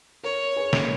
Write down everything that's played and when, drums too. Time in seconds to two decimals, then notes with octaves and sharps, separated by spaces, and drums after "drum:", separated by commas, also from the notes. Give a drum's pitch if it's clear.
0.23 A#4 C#5
0.56 G#4 B4
0.73 drum: snare